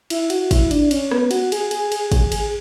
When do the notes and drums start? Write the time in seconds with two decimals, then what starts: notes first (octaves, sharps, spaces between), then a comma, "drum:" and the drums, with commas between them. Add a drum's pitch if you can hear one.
0.10 E4, drum: cymbal
0.30 F#4, drum: cymbal
0.51 E4, drum: kick, cymbal
0.71 D4, drum: cymbal
0.91 C#4, drum: cymbal
1.11 B3, drum: rim click
1.31 F#4, drum: cymbal
1.52 G#4, drum: cymbal
1.71 G#4, drum: cymbal
1.92 G#4, drum: cymbal
2.12 G#4, drum: kick, cymbal
2.32 G#4, drum: cymbal